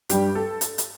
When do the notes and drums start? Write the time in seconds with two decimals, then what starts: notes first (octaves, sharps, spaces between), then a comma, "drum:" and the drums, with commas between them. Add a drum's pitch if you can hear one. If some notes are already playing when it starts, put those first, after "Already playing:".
0.09 G2 G3 G4, drum: hi-hat
0.35 A4
0.61 drum: hi-hat
0.78 drum: hi-hat